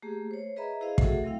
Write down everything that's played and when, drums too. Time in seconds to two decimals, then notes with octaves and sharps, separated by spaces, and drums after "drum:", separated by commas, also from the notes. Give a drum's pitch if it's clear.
0.02 A3 A#3 G4 G#4
0.31 C5 C#5
0.56 G#4 B4 D#5 E5 A#5 B5
0.81 E4 G#4 C5 D#5 F5
0.98 A3 F#4 G#4 A4 E5 F#5, drum: kick
1.24 F#3 A3 C4 E4 F5 G5